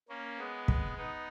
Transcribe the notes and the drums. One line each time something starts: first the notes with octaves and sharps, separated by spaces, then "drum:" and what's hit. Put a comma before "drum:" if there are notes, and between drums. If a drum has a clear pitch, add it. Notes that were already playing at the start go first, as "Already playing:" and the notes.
A#3 C#4
G#3 B3
drum: kick
B3 D#4